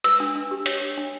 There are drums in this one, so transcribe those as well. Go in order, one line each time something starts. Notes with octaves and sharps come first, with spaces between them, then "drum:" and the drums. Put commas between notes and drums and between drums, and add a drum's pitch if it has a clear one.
B4 E6, drum: hi-hat
D4
D4
G4
C#5, drum: hi-hat
D4
D4